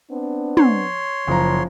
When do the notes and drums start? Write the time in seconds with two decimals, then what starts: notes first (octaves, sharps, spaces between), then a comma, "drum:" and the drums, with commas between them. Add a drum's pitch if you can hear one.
0.11 B3 C4 D4
0.57 C#5 C6, drum: tom
1.28 F#1 F3 A#5